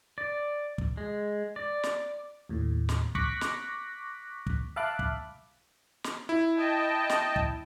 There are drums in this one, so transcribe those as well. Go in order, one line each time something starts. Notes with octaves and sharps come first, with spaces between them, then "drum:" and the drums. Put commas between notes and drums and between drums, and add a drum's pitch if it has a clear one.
D5
drum: kick
G#3
D5
drum: snare
D#2 A2
drum: snare
C#6 D6 F#6 A#6 B6, drum: kick
drum: snare
drum: kick
E5 F5 A5 B5 D6 F#6
drum: kick
drum: snare
E4
D#5 G5 A5
drum: snare
drum: kick